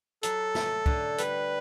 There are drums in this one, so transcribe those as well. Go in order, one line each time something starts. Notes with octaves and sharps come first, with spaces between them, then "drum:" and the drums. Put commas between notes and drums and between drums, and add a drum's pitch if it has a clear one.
F#3 A4, drum: hi-hat
A3, drum: snare
D3, drum: kick
G3 B4, drum: hi-hat